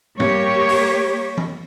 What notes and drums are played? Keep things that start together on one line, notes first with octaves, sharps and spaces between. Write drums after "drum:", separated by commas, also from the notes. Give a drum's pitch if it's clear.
G3 A#3 G4 C#5, drum: tom G#2
drum: open hi-hat
drum: tom E3